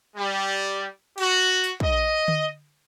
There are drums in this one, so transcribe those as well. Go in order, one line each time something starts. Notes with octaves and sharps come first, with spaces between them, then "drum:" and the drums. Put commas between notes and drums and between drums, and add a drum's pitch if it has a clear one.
G3
F#4, drum: cymbal
drum: tambourine
D#5, drum: kick
drum: tom D3